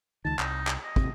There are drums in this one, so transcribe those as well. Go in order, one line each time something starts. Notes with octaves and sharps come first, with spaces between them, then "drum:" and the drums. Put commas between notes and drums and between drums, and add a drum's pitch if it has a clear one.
C#2 D#3 A5
C2 D#4, drum: clap
drum: clap
D#5
C3, drum: kick